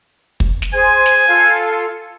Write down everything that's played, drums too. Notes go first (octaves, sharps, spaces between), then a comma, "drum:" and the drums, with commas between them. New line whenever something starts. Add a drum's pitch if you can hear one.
drum: kick
drum: snare
G#4 C5 G#5
drum: snare
F4 A4